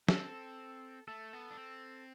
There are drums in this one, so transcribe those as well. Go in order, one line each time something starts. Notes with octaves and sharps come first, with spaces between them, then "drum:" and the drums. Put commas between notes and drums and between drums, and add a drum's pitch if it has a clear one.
C4 A4, drum: snare
A3 A4
B3
D4
C4